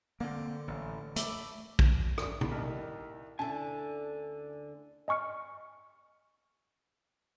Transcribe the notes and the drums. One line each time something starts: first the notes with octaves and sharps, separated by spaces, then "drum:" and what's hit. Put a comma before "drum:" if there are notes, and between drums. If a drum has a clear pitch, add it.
D3 A#3 C4
A1
A3 E5 B5 D6, drum: hi-hat
drum: kick A#1
drum: rim click
drum: tom
C2 D#3 A4
D2 D3 C#4 D4 E4 G#5 A5
D#5 G#5 C#6 F6 C#7